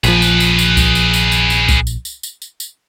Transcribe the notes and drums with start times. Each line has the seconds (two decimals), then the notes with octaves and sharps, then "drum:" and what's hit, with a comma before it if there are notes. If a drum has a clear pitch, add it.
0.04 A#1 F3 G#4 B4, drum: tambourine
0.22 drum: tambourine
0.40 drum: tambourine
0.59 drum: tambourine
0.77 drum: kick C2, tambourine
0.95 drum: tambourine
1.14 drum: tambourine
1.32 drum: tambourine
1.50 drum: tambourine
1.68 drum: kick C2, tambourine
1.87 drum: tambourine
2.05 drum: tambourine
2.23 drum: tambourine
2.42 drum: tambourine
2.60 drum: tambourine